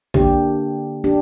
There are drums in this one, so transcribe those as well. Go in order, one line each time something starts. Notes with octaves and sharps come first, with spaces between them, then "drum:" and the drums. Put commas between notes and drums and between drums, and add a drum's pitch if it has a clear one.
D3 A#3 D4 G4, drum: kick A1
D4 G4